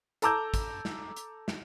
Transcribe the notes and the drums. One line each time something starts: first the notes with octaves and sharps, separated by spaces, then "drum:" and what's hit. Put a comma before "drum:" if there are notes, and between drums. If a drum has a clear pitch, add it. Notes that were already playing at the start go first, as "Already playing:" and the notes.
A4 A5 A#5 D6 E6 G6, drum: hi-hat
drum: kick, hi-hat
drum: snare
drum: hi-hat
drum: snare